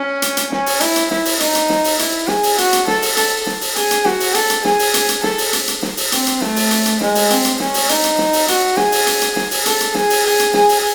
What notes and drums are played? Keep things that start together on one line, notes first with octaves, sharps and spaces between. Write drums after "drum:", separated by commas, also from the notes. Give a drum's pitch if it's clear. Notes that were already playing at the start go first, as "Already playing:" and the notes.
Already playing: C#4
drum: hi-hat
drum: hi-hat
C#4, drum: snare
drum: open hi-hat
E4, drum: hi-hat
drum: hi-hat
E4, drum: snare
drum: open hi-hat
D#4, drum: hi-hat
drum: hi-hat
drum: snare
drum: open hi-hat
E4, drum: hi-hat
G#4, drum: snare
drum: open hi-hat
F#4, drum: hi-hat
drum: hi-hat
A4, drum: snare
drum: open hi-hat
A4, drum: hi-hat
drum: snare
drum: open hi-hat
G#4, drum: hi-hat
drum: hi-hat
F#4, drum: snare
drum: open hi-hat
A4, drum: hi-hat
drum: hi-hat
G#4, drum: snare
drum: open hi-hat
drum: hi-hat
drum: hi-hat
A4, drum: snare
drum: open hi-hat
drum: hi-hat
drum: hi-hat
drum: snare
drum: open hi-hat
C4, drum: hi-hat
drum: hi-hat
A3, drum: snare
drum: open hi-hat
drum: hi-hat
drum: hi-hat
G#3, drum: snare
drum: open hi-hat
C4, drum: hi-hat
drum: hi-hat
C#4, drum: snare
drum: open hi-hat
D#4, drum: hi-hat
drum: hi-hat
drum: snare
drum: open hi-hat
F#4, drum: hi-hat
G#4, drum: snare
drum: open hi-hat
drum: hi-hat
drum: hi-hat
drum: snare
drum: open hi-hat
A4, drum: hi-hat
drum: hi-hat
G#4, drum: snare
drum: open hi-hat
G#4
drum: hi-hat
G#4, drum: snare
drum: open hi-hat